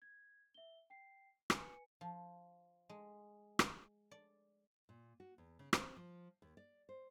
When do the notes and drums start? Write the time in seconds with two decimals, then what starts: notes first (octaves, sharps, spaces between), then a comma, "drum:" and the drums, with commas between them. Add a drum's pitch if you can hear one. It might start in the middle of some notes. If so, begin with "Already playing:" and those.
0.02 G#6
0.54 E5 G7
0.90 G5 C7
1.50 B4 G#5 C#7, drum: rim click
2.01 F3
2.89 G#3
3.59 drum: rim click
4.11 D5
4.89 A#2
5.20 F#4
5.38 E2
5.59 C#3
5.73 C4, drum: rim click
5.96 F3
6.42 D#2
6.57 D5
6.89 C5